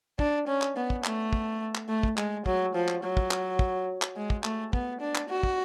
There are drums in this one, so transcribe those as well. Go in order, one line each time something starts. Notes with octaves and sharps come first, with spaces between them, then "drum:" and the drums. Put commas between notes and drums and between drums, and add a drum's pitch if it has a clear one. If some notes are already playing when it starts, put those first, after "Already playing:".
D4, drum: kick
C#4
drum: clap
B3
drum: kick
A3, drum: clap
drum: kick
drum: clap
A3
drum: kick
G#3, drum: clap
F#3, drum: kick
F3
drum: clap
F#3
drum: kick
drum: clap
drum: kick
drum: clap
G#3
drum: kick
A3, drum: clap
B3, drum: kick
D4
drum: clap
F#4
drum: kick